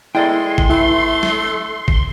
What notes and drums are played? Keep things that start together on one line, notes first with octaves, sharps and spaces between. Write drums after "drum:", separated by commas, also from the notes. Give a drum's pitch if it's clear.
G#3 E4 A4 D5 G5 C6
drum: kick G1
A3 E4
drum: snare
drum: kick G1